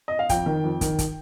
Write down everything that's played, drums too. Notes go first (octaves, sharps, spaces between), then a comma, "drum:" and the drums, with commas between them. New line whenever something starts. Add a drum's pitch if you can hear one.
D#5
F5
F2 G5, drum: kick, hi-hat
D#3
F2
D#3, drum: kick, hi-hat
drum: kick, hi-hat